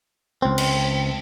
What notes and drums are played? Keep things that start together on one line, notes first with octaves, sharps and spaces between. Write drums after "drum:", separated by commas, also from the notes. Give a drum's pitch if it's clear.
C#2 C4
drum: cymbal